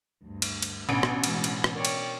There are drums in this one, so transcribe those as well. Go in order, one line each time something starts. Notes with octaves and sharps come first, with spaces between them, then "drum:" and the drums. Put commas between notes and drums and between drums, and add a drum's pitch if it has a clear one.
D2 G2
drum: cymbal
drum: cymbal
A1 B2 C#4 D4 B5 D7
drum: rim click
E3 G#3, drum: cymbal
drum: cymbal
drum: rim click
A#4 C#5 D5 G5
drum: cymbal